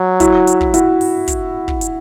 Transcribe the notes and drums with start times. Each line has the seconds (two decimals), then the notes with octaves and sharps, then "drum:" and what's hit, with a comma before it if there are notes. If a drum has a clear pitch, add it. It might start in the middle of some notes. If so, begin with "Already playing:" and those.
Already playing: F#3
0.20 E4 F#4, drum: kick, hi-hat
0.47 drum: hi-hat
0.61 drum: kick
0.74 E4 F#4, drum: hi-hat
1.01 drum: open hi-hat
1.28 drum: kick, hi-hat
1.68 drum: kick
1.81 drum: hi-hat